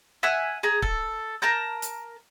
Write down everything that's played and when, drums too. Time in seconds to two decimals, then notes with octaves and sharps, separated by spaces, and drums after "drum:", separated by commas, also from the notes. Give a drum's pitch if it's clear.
0.23 E5 F#5 G#5 F6
0.63 G#4 A#5
0.82 A4, drum: kick
1.42 A#4 A5 A#5 G6
1.82 drum: hi-hat